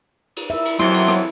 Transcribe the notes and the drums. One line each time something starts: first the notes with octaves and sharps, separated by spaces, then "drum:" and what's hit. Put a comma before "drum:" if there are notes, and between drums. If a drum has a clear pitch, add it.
drum: cymbal
E4 A#4 E5
drum: cymbal
F2 C3 E3 F#3 E4 C6, drum: rim click
drum: cymbal
drum: rim click